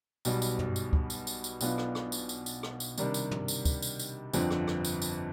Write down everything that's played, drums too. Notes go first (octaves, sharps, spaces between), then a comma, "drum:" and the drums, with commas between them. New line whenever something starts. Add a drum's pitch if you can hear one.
B1 B2 G3, drum: tambourine
drum: tambourine
drum: tom
drum: tambourine
drum: kick
drum: tambourine
drum: tambourine
drum: tambourine
B1 B2 B3 D4 F4, drum: tambourine
drum: rim click
drum: rim click
drum: tambourine
drum: tambourine
drum: tambourine
drum: rim click
drum: tambourine
C3 D#3 G3 D4, drum: tambourine
drum: tambourine
drum: tom
drum: tambourine
drum: kick, tambourine
drum: tambourine
drum: tambourine
G1 F2 D3 F3 C4, drum: tambourine
drum: rim click
drum: rim click
drum: tambourine
drum: tambourine